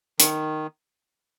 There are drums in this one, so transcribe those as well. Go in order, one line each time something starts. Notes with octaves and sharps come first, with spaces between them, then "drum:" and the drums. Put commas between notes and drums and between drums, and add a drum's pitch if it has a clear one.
D#3, drum: hi-hat